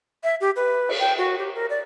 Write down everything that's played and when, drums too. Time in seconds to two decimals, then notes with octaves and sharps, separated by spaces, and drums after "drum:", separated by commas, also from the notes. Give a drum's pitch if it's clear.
0.24 E5
0.41 G4
0.56 B4
0.89 drum: cymbal
1.00 G5
1.18 F#4
1.38 G4
1.54 A#4
1.70 D5